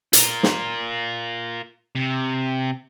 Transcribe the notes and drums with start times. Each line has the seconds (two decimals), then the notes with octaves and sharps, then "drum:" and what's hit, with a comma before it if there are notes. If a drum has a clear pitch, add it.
0.13 F4 A#4, drum: hi-hat
0.43 drum: snare
1.95 C3